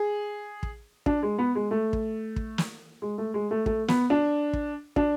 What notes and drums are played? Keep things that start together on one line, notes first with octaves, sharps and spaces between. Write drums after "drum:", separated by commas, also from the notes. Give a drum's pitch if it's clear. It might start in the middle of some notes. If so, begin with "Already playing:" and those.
Already playing: G#4
drum: kick
D4, drum: kick
G#3
B3
G#3
A3
drum: kick
drum: kick
drum: snare
G#3
A3
G#3
A3
A3, drum: kick
B3, drum: snare
D4
drum: kick
D4, drum: kick